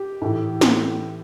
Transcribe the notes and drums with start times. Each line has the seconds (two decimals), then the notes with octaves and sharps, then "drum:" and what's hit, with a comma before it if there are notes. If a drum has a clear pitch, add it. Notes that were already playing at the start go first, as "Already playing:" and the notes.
Already playing: G4
0.22 A2 E3
0.61 drum: snare